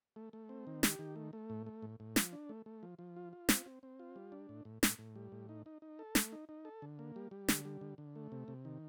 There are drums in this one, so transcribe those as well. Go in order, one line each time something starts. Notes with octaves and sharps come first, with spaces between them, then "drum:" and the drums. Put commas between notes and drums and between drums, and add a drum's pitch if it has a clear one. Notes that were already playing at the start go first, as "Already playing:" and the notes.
A3
A3
C4
D#3
G4, drum: snare
D#3
A3
A3
A2
A3
A2
A2
F3, drum: snare
D4
A3
A3
F3
F3
F4
F4
C4, drum: snare
C4
C4
F4
G3
D4
A2
A2
A2, drum: snare
A2
G3
A2
D#4
D#4
D#4
A4
A3, drum: snare
D#4
D#4
A4
D3
A#3
G3
G3
D3, drum: snare
G3
D3
D3
A3
C3
C3
D#3